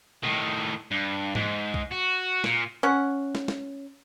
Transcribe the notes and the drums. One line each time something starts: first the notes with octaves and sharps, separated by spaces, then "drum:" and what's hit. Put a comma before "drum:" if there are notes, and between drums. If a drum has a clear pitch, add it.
A2 D#3, drum: tom B2
G2
G#2, drum: tom G#2
drum: kick
F#4
A#2, drum: snare
C#4 F#5
drum: snare
drum: snare